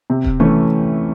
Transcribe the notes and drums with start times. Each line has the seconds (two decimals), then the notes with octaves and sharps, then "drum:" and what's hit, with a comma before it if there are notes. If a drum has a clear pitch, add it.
0.10 C3
0.24 drum: kick D#1
0.40 E3 A3 C#4